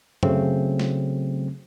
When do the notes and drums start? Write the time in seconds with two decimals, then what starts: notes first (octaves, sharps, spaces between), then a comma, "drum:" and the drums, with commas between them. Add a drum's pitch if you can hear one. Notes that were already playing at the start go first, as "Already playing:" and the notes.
0.23 C#3 F#3 A3 C4, drum: tom
0.79 drum: snare